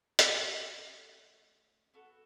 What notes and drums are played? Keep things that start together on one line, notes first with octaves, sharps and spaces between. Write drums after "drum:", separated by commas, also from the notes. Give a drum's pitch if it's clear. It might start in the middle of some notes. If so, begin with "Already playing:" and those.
A3 C#4 F#4, drum: hi-hat
B3 F#4 A4